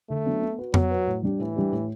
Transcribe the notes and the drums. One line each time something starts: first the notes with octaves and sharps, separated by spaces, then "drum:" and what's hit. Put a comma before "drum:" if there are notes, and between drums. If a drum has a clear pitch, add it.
D3 A3
F#3 B3 D4
B3
F#4 B4
F#3 B3, drum: tom F2
F#4 B4
A2
G3 D4 G4
A2 E3
G3 D4 G4
A2